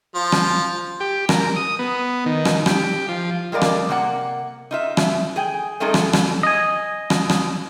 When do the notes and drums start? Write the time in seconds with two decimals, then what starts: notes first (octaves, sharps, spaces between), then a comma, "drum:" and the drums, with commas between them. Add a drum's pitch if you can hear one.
0.15 F3
0.32 drum: rim click
1.00 G4
1.29 A#4, drum: rim click
1.56 D#6
1.79 B3
2.26 D#3
2.45 drum: rim click
2.66 G4, drum: rim click
3.08 F3
3.52 G3 G#3 A#4 D5 F5
3.61 drum: rim click
3.89 C3 A#3 F#5
4.71 D#4 F4 E5
4.97 drum: rim click
5.36 G#4 G5 G#5
5.80 G3 A3 C4 D#4 G#4 A4
5.94 drum: rim click
6.13 drum: rim click
6.43 D#5 G#5
7.10 drum: rim click
7.30 drum: rim click